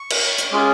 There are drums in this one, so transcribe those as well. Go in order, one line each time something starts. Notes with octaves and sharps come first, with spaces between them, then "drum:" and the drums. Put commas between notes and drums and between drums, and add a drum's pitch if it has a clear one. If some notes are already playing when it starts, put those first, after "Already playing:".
Already playing: C#6
drum: cymbal
drum: hi-hat
G#3 C#4 F4 G#4 D6